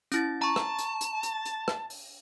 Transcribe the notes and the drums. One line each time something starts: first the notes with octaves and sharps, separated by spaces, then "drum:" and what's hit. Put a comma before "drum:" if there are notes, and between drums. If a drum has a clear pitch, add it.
C#4 E4 A6, drum: hi-hat
A5 A#5 C#6
drum: rim click
drum: hi-hat
drum: hi-hat
drum: hi-hat
drum: hi-hat
drum: rim click
drum: open hi-hat